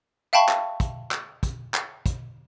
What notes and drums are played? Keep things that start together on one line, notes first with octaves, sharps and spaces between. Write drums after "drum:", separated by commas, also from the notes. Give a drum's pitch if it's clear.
E5 F5 G5 A5 B5 C#6
drum: clap
drum: kick, hi-hat
drum: clap
drum: kick, hi-hat
drum: clap
drum: kick, hi-hat